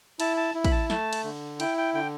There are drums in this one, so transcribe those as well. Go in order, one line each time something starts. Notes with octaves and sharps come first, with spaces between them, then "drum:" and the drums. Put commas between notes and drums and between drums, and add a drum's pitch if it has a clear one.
E4 A5, drum: cymbal
A5
E4
B5, drum: kick, cymbal
A5
A3 A5, drum: snare
drum: cymbal
D3
E4 G5, drum: cymbal
G5
D3 G5